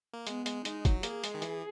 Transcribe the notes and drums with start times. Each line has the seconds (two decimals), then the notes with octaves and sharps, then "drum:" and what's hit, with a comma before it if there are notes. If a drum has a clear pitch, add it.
0.13 A#3
0.27 G#3 B3, drum: hi-hat
0.46 G#3, drum: hi-hat
0.65 G#3 D#4, drum: hi-hat
0.85 F#3, drum: kick, hi-hat
1.03 A#3 G#4, drum: hi-hat
1.24 G#3, drum: hi-hat
1.34 D#3
1.42 E3, drum: hi-hat